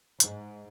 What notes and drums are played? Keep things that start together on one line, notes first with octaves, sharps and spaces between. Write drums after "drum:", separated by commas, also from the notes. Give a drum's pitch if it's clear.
G#2, drum: hi-hat